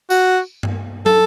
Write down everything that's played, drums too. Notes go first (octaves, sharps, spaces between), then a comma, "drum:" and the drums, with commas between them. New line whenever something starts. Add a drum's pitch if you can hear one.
F#4, drum: tambourine
drum: tom G2
A4, drum: tom